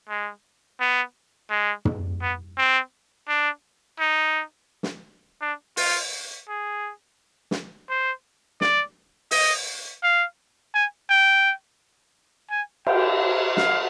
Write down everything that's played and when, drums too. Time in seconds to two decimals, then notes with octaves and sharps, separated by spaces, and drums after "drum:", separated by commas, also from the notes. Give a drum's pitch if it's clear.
0.09 G#3
0.80 B3
1.50 G#3
1.85 drum: tom
2.21 B3
2.57 C4
3.28 D4
3.99 D#4
4.83 drum: snare
5.41 D4
5.77 F4, drum: open hi-hat
6.48 G#4
7.51 drum: snare
7.90 C5
8.61 D5, drum: snare
9.31 D#5, drum: open hi-hat
10.03 F5
10.74 G#5
11.09 G5
12.50 G#5
12.87 G5, drum: cymbal
13.57 F5, drum: snare